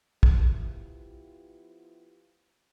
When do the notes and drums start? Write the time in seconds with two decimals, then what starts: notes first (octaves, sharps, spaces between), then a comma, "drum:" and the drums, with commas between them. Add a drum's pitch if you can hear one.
0.23 F3 B3 E4 F4 G4, drum: kick